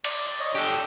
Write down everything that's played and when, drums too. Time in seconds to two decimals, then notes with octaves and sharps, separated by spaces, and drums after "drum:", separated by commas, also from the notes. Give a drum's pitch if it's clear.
0.04 D5, drum: cymbal
0.40 C#5 D#5
0.55 D4 G4 A4 G5